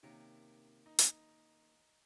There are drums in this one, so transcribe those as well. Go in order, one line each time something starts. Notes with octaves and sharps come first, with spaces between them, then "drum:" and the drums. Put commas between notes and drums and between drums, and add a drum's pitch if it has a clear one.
C3 D#3 A#3 C#4
D#4
drum: hi-hat